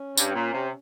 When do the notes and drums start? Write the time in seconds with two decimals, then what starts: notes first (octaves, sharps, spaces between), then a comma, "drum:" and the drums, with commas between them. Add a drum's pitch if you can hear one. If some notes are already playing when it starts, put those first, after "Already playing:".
Already playing: C#4
0.17 G2, drum: tambourine
0.35 A#2
0.54 C3